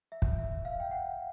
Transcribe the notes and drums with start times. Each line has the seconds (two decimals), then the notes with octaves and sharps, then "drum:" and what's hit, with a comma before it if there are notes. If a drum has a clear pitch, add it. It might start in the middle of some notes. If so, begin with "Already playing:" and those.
0.12 E5
0.22 drum: kick
0.38 E5
0.65 F5
0.80 G5
0.91 F#5